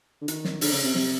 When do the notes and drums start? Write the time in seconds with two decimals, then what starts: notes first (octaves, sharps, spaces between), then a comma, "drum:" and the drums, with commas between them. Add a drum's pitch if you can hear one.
0.21 D3
0.28 D#3, drum: hi-hat
0.45 drum: snare
0.61 D3, drum: open hi-hat
0.72 C#3
0.84 C3
0.95 C3, drum: snare